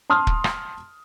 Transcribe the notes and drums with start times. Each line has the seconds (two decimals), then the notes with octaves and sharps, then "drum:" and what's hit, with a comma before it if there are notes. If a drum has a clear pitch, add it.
0.10 A5 C6 D#6 F6
0.27 drum: kick
0.44 drum: rim click